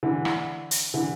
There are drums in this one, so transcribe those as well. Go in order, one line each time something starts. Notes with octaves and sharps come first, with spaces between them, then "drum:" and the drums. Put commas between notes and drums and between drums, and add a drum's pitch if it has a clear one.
D3 E3
drum: rim click
drum: hi-hat
D3 E3